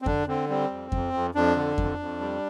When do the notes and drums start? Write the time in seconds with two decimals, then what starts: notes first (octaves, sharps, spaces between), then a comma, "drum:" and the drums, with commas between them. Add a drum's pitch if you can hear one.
0.02 C4
0.06 D3 D4, drum: kick F2
0.28 D3 C4
0.49 G3 C4
0.70 F2
0.92 F2, drum: kick F2
1.13 F2
1.35 F2 D4
1.56 D3
1.78 F2, drum: kick F2
1.99 F2
2.21 G3